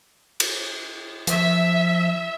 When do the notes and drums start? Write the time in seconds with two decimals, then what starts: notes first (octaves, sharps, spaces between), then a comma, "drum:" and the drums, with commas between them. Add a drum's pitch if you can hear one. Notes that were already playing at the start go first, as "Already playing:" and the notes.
0.40 drum: cymbal
1.27 F3 E5, drum: hi-hat